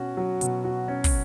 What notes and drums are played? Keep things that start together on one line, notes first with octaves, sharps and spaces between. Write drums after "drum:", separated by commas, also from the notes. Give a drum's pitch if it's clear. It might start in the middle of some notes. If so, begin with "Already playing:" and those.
Already playing: B2 C#4 F#4
F#3
B2, drum: hi-hat
F#4
C#4
drum: kick, open hi-hat